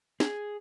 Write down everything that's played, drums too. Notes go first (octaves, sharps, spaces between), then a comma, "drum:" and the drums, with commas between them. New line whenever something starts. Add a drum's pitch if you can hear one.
G#4, drum: snare